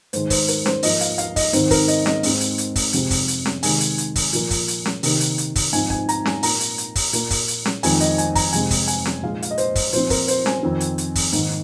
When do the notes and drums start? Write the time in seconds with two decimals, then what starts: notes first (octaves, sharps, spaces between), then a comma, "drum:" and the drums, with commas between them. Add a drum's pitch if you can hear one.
0.13 G#2 D#3 G#3 C5, drum: hi-hat
0.30 C5, drum: kick, open hi-hat
0.48 A#4, drum: hi-hat
0.66 C5, drum: snare C#4
0.83 G#2 F3 A#3 D#5, drum: open hi-hat
1.01 F5, drum: hi-hat
1.18 F5, drum: hi-hat
1.36 D#5, drum: kick, open hi-hat
1.53 G#2 D#3 C4 C5, drum: hi-hat
1.71 A#4, drum: kick, open hi-hat
1.88 D#5, drum: hi-hat
2.06 D#5, drum: snare C#4
2.23 G#2 G#3 C4, drum: open hi-hat
2.41 drum: hi-hat
2.58 drum: hi-hat
2.76 drum: kick, open hi-hat
2.93 F2 C3 G#3 C4, drum: hi-hat
3.11 drum: kick, open hi-hat
3.28 drum: hi-hat
3.46 drum: snare C#4
3.63 C3 D#3 G#3 G#5, drum: open hi-hat
3.81 drum: hi-hat
3.98 drum: hi-hat
4.16 drum: kick, open hi-hat
4.33 A#2 F3 A#3, drum: hi-hat
4.51 drum: kick, open hi-hat
4.68 drum: hi-hat
4.86 drum: snare C#4
5.03 C3 D#3 A#3, drum: open hi-hat
5.21 drum: hi-hat
5.38 drum: hi-hat
5.56 drum: kick, open hi-hat
5.73 G#2 F3 C4 G#5, drum: hi-hat
5.90 G#5, drum: kick
6.09 A#5, drum: hi-hat
6.25 G#5, drum: snare C#4
6.43 A#2 A#3 A#5, drum: open hi-hat
6.61 drum: hi-hat
6.78 drum: hi-hat
6.96 drum: kick, open hi-hat
7.13 A#2 A#3, drum: hi-hat
7.31 drum: kick, open hi-hat
7.48 drum: hi-hat
7.66 drum: snare C#4
7.83 F2 D#3 G#3 C4 G#5, drum: open hi-hat
8.00 D#5, drum: hi-hat
8.18 G#5, drum: hi-hat
8.35 A#5, drum: kick, open hi-hat
8.53 F2 C3 G#3 C4 G#5, drum: hi-hat
8.70 drum: kick, open hi-hat
8.88 G#5, drum: hi-hat
9.05 drum: snare C#4
9.22 A#2 F3 G#3 F5
9.42 F5, drum: hi-hat
9.51 D#5
9.58 C5, drum: hi-hat
9.75 drum: kick, open hi-hat
9.93 A#2 F3 C4 C5, drum: hi-hat
10.10 A#4, drum: kick, open hi-hat
10.28 C5, drum: hi-hat
10.46 G#5, drum: snare C#4
10.63 F2 D#3 C4
10.80 drum: hi-hat
10.98 drum: hi-hat
11.15 drum: kick, open hi-hat
11.33 G#2 D#3 A#3, drum: hi-hat